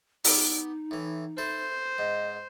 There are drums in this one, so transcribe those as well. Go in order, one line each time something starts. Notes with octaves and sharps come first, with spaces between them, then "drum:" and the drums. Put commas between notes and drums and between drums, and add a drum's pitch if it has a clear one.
B3 D#4 G4, drum: open hi-hat
A2 E3
E4 A4 C5
G#2 D#5